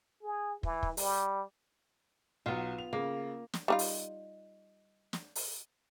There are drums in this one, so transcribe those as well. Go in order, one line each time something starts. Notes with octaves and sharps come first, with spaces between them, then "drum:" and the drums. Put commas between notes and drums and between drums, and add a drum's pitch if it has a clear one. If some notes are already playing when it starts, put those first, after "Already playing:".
G#4
E3, drum: kick
drum: kick
G3, drum: open hi-hat
B1 F#3 B3 F4
F7
C#3 A#3
drum: snare
G3 D#4 F4
drum: open hi-hat
drum: snare
drum: open hi-hat